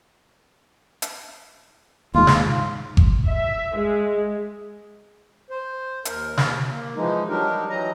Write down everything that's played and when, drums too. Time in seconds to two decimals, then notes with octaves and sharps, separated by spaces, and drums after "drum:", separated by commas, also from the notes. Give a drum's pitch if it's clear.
1.02 drum: hi-hat
2.15 D#2 G#2 F4
2.27 drum: snare
2.97 drum: kick G1
3.27 E5
3.77 G#3
5.50 C5
6.05 D#2 A#4, drum: hi-hat
6.37 drum: snare
6.70 A#3
6.96 E3 F3 G#3 D#4
7.28 F#3 G3 D4 D#4 G4 A#4
7.69 E3 F#3 D#5 A#5